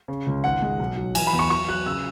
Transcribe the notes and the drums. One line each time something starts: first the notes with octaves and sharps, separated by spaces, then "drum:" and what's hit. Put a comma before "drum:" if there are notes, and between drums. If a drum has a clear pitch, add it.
C#3
C#2
G#1 F#5
G#3
B1
F#3
E3 G#5, drum: cymbal
B5
E2
C#6
F#3 C#6
F#3 F#6
C#3 E6